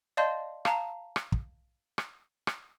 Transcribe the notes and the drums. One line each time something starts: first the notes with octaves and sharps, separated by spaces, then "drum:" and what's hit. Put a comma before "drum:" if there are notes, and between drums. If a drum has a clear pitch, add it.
D5 D#5 F5 A5 C6 G6
F5 A5 A#5, drum: rim click
drum: rim click
drum: kick
drum: rim click
drum: rim click